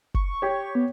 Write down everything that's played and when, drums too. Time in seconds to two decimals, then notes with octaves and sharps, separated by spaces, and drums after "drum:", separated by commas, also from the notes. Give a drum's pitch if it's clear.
0.14 C#6, drum: kick
0.42 G4 C#5
0.75 B3